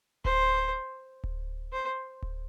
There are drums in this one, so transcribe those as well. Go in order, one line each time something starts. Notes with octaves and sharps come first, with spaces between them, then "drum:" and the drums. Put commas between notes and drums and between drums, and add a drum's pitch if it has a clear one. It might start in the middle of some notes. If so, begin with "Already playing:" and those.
C5, drum: kick D1
drum: kick D1
C5
drum: kick D1